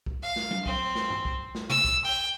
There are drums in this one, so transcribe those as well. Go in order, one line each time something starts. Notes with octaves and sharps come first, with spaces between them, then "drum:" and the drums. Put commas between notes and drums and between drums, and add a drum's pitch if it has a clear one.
drum: kick
F5
drum: snare
drum: tom F#3
C4, drum: kick
drum: snare
drum: tom G2
drum: kick
drum: snare
E6, drum: tom C3
drum: kick
G5